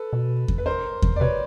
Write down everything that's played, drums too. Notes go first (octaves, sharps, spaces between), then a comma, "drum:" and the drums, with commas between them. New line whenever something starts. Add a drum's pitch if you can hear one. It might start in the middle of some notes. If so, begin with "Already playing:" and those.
Already playing: A4 B4
B2
drum: kick E2
B4
A#4 C5
drum: kick E2
D5
C3 B4 C#5